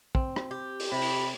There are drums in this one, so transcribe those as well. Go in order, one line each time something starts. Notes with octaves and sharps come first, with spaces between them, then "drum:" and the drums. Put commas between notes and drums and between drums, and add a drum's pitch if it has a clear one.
C4, drum: kick
drum: rim click
G4
drum: open hi-hat
C3 B5
drum: open hi-hat